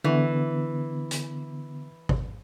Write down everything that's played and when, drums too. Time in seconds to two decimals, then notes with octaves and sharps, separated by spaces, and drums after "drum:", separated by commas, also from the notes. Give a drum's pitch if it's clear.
0.04 D3 E3 B3
1.11 drum: hi-hat
2.09 drum: kick G#1